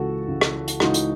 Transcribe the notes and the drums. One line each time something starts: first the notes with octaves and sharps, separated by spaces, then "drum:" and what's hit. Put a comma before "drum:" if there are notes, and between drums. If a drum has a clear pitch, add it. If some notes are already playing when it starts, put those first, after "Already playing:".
Already playing: C#2 C#3 E3 F#4 A4
C#2 C#3 E3
drum: rim click
drum: hi-hat
C#2 C#3 E3 D#4 F#4, drum: rim click
drum: hi-hat